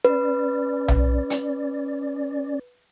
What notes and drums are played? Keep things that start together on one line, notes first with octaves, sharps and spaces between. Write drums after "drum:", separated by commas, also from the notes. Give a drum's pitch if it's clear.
C#4 B4 D5
drum: tom B1
drum: hi-hat